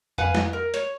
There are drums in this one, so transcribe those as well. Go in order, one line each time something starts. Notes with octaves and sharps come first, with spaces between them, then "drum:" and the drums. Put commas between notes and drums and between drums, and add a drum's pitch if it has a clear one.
B4 F5 F#5 G#5, drum: tom F2
drum: snare
A#4
C#5, drum: hi-hat